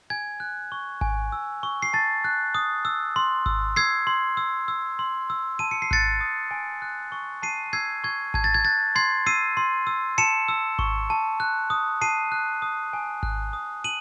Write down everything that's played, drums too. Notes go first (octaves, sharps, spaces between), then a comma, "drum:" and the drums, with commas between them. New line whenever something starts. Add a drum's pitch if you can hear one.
G#5 G#6
F#6
C#6
G#5, drum: kick G#1
E6
C#6
C7
A5 A6
F#6
D#6
E6
C6
E6, drum: kick G#1
E6 G#6 C7
C6
E6
E6
C6
E6
A5 D#7
C#7
C7
F#6 A6 C#7, drum: kick G#1
D#6
G#5
F#6
C#6
A5 C7 D#7
E6 G#6 C7
C#6 G#6
A5 G#6, drum: kick G#1
A6
G#6
F#6 A6
C6 G#6 C7
E6 C7 D#7
C6
E6
A5 C#7 E7
E6
C#6, drum: kick G#1
A5
F#6
D#6
A5 C7 D#7
F#6
D#6
G#5
F#6, drum: kick G#1
D#6
A5 D#7 F#7